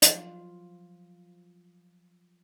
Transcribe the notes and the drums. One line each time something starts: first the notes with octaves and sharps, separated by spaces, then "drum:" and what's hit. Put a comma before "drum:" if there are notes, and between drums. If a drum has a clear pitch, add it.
F3 F#3 F4, drum: hi-hat